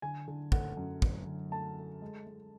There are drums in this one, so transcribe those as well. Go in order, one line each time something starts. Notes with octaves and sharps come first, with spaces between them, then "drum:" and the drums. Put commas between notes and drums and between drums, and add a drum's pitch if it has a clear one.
D3 G#5
D3
A3 F#5, drum: kick
F#2
A3, drum: kick
D3
A3 A5
A3
G#3
G#3